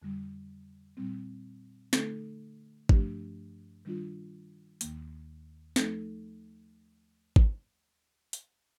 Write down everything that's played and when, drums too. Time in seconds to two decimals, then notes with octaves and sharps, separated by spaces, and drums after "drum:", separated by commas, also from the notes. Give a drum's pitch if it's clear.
0.02 F2 D3 G3
0.97 A#2 G3 C4
1.93 D3 A3 D#4 A4, drum: snare
2.89 G2 F3 A3 D4 G4, drum: kick G#1
3.85 D#3 G3 D4 F4
4.81 D#2 D#3 A#3, drum: hi-hat
5.76 F3 A3 D#4 A4, drum: snare
7.36 drum: kick G#1
8.33 drum: hi-hat